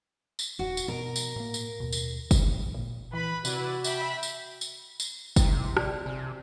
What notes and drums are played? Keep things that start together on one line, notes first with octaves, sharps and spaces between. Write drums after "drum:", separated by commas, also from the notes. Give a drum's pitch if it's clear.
drum: tambourine
D#1 F#4
drum: tambourine
B2 A#4
drum: tambourine
A2 A#3
drum: tambourine
D#2 B2
drum: tambourine
drum: kick, tambourine
A#2
E3 B4 B5
C3 E4 F#4 D5, drum: tambourine
D4 E5 G5 B5, drum: tambourine
drum: tambourine
drum: tambourine
drum: tambourine
C3 E4 A4 G5, drum: kick, tambourine
D5 A5, drum: rim click
C3 G#5